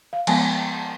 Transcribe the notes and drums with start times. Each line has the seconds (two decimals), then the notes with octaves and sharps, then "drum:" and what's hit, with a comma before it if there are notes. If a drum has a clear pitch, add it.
0.13 F5
0.27 F3 G#3 B3 G#5, drum: cymbal